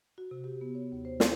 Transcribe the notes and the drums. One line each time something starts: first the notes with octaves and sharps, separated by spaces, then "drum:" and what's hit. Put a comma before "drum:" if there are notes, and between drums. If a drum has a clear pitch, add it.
F#4
C3
G4
B3
C#5
D#2
C5
C6, drum: snare